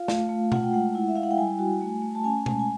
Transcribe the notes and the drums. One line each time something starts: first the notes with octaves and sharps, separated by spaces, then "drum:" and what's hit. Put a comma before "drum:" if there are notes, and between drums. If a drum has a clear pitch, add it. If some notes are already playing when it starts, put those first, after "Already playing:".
Already playing: F4 F5
A3, drum: snare
A3
F4 F#5, drum: tom B2
G5
G#3 F#5
E4
E5
E4 F5
F#5
G5
G3 G#5
F#4
A3
A3
A5
C#4 G#5
G#3, drum: tom B2
G#5